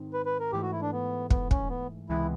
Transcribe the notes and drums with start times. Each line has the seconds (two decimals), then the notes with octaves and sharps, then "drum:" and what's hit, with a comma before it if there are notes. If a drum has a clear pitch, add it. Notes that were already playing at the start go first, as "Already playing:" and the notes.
Already playing: G#2 D#3 C4 D#4
0.13 B4
0.26 B4
0.40 A#4
0.52 G#2 E3 A3 G4
0.62 F#4
0.72 E4
0.82 D4
0.92 B3
1.31 B3, drum: kick
1.51 C#4, drum: kick
1.70 B3
2.09 C#2 C3 E3 G#3 B3 E4